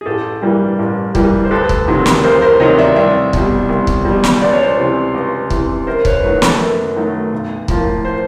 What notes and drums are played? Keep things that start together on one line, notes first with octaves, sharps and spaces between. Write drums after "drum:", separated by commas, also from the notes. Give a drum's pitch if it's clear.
G#4
A1 G4 A4
G2 E3 G3 A#3
A1
G2 E3 G3 A#3, drum: kick
C5
D2 A4 B4
drum: kick
C3 D#3 F#3 A#3
drum: snare
D2 A#4 C5
A#4 C5
C3 D#3 F#3 A#3 C#5 D#5
D5 E5
C2 D5 E5
B2 G3, drum: kick
C2
drum: kick
B2 G3
drum: snare
C#2 D5
C#5
C5 D5
C3 E3
C#2
C3 E3, drum: kick
F#2 A#4 C5
B4 C#5, drum: kick
D#3 F#3 A3 B4 C#5
A4 B4, drum: snare
F#2
D#3 F#3 A3
B1
A2 F3 A#3, drum: kick
C5